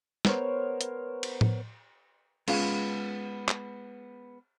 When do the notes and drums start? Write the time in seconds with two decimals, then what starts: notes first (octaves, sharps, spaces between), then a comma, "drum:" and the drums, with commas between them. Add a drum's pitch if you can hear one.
0.25 B3 A#4 C5 C#5, drum: snare
0.81 drum: hi-hat
1.23 drum: cymbal
1.41 drum: tom A2
2.48 G#3 B3 C#4 F4 F5, drum: cymbal
3.48 drum: clap